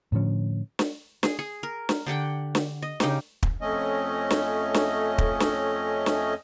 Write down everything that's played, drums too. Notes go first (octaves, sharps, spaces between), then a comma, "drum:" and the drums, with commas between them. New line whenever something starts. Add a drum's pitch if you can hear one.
A2 D3 F3 C#4
drum: snare
G#4, drum: snare
G#4
A#4
drum: snare
D3 G4 F#5 G5
drum: snare
D#5
C#3 D#4 G4, drum: snare
drum: kick
F2 A3 C#4 D#5
drum: snare
drum: snare
drum: kick
drum: snare
drum: snare